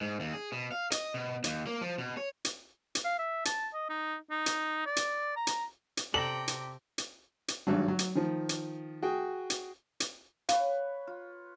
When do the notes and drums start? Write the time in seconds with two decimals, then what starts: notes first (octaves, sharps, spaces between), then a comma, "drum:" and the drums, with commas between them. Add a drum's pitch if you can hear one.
0.01 G#2
0.20 D#2
0.34 G#4
0.52 B2
0.71 F5
0.92 D#5, drum: hi-hat
1.14 B2
1.44 D#2, drum: hi-hat
1.67 A#3
1.81 F3
1.98 B2
2.17 C#5
2.45 drum: hi-hat
2.95 drum: hi-hat
3.04 F5
3.19 E5
3.45 A5, drum: hi-hat
3.74 D#5
3.89 D#4
4.31 D#4
4.46 drum: hi-hat
4.86 D5
4.96 drum: hi-hat
5.36 A#5
5.47 drum: hi-hat
5.97 drum: hi-hat
6.14 C3 A4 D5 G5 A#5 F#7
6.48 drum: hi-hat
6.98 drum: hi-hat
7.48 drum: hi-hat
7.67 G#1 G2 F#3
7.88 F#3
7.99 drum: hi-hat
8.15 D#3 F3
8.49 drum: hi-hat
9.02 F#4 G#4 G5
9.50 drum: hi-hat
10.00 drum: hi-hat
10.49 B4 C#5 F5, drum: hi-hat
11.07 F4